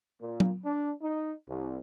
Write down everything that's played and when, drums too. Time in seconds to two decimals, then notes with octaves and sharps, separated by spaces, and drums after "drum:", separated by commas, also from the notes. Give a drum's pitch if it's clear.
0.21 A#2
0.40 drum: tom F#3
0.65 D4
1.02 D#4
1.48 C2